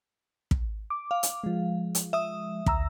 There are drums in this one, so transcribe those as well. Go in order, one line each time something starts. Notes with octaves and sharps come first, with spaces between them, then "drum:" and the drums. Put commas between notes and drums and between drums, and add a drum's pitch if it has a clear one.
drum: kick
D6
F5
drum: hi-hat
F3 G#3
drum: hi-hat
E5 D#6
D2 A#5 E6, drum: kick